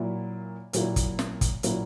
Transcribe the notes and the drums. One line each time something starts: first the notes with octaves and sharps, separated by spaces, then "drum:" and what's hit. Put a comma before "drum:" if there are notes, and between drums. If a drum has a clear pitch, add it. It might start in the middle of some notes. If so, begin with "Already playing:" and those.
Already playing: A#2 F#3 A#3 E4
A#2 F#3 A#3 E4, drum: hi-hat
drum: kick, hi-hat
drum: snare
drum: kick, hi-hat
A#2 F#3 A#3 E4, drum: hi-hat